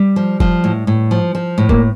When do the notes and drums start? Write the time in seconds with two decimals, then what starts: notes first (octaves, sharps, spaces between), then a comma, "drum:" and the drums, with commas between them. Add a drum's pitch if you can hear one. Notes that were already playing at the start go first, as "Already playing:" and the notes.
Already playing: G3
0.16 F3
0.40 F3, drum: kick
0.64 A2
0.87 A2
1.11 F3
1.35 F3
1.58 A2
1.69 A#3, drum: kick